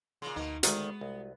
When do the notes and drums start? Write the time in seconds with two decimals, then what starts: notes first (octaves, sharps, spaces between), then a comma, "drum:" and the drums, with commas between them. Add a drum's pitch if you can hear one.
0.22 A#2 C#3 C6
0.36 D2 B2 A#3 D#4
0.63 D2 D#3 G#3 B3 F#4, drum: hi-hat
1.01 C2